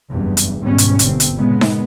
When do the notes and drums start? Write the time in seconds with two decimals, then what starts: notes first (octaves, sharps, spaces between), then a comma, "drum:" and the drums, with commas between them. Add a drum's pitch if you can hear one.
0.10 F#1 E2 G2
0.37 drum: hi-hat
0.61 G#1 G#2 B2 G3 B3 C#4
0.78 drum: hi-hat
0.99 G1 C4, drum: hi-hat
1.20 drum: hi-hat
1.35 A#2 C#3 G#3 B3
1.61 drum: snare D#4